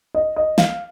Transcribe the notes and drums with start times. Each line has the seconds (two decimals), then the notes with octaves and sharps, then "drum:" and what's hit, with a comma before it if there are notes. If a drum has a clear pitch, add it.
0.15 D#5
0.36 D#5
0.58 F5, drum: snare